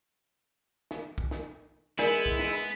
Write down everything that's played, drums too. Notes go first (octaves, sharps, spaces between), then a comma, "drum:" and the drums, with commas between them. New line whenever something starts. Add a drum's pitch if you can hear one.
drum: snare
drum: kick
drum: snare
G#3 B3 E4 A#4 D5 G#5, drum: snare
drum: kick
drum: snare